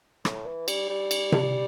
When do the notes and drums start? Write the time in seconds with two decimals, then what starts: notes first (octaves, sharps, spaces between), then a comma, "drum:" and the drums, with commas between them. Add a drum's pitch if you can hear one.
0.25 A2, drum: rim click
0.46 E3
0.68 G3, drum: cymbal
0.90 G3
1.11 drum: cymbal
1.32 drum: tom C3